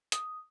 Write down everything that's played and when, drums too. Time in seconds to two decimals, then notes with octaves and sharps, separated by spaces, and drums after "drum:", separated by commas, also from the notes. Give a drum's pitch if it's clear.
0.12 D#6, drum: hi-hat